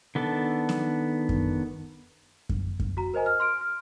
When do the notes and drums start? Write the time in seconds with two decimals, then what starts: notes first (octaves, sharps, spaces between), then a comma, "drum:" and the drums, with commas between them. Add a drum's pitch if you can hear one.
0.15 D#3 B3 D4 A4 A5
0.69 drum: snare B3
1.29 drum: kick F#2
2.49 drum: kick F#2
2.80 drum: kick F#2
2.97 F#4 A#5
3.14 A#4 C5 D#5 G#5 A#5
3.26 F6
3.40 C6 F6 D7
3.61 F6